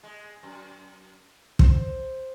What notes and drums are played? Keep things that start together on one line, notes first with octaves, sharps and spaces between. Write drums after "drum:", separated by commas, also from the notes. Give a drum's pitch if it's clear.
G#3
F#2
C5, drum: kick